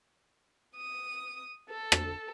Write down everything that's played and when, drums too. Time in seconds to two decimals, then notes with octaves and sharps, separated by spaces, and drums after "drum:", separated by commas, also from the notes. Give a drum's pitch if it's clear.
0.76 D#6
1.69 A4
1.92 drum: rim click